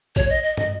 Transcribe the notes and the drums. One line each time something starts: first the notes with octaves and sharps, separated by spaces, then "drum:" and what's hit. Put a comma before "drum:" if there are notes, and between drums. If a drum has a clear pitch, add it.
C#5, drum: kick A#1
D#5
D#5
D#5, drum: tom